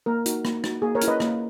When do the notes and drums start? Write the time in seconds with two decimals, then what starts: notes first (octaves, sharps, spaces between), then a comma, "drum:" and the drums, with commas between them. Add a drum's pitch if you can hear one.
0.06 A#3 A#4
0.26 D#4 F#4, drum: hi-hat
0.45 A#3, drum: rim click
0.64 D#4 F#4, drum: rim click
0.82 A#3 G#4
0.95 A#4 C#5
1.01 C#4 E4, drum: hi-hat
1.08 B4 D#5
1.20 A#3, drum: rim click